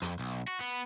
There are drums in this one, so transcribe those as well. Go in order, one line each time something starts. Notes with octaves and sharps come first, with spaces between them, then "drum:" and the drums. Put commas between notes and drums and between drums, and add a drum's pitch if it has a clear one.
F2, drum: hi-hat
B1
F#4
B3